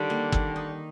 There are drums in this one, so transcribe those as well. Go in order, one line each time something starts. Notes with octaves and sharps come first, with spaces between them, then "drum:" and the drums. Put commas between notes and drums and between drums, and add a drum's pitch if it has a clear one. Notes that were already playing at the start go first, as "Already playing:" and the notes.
Already playing: D3 D#3 G3
A#3
D#3, drum: kick
D#4